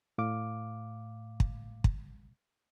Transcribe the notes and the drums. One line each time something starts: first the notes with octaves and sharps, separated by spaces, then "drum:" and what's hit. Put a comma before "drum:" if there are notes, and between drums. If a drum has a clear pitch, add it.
A2 F5 D6
drum: kick
drum: kick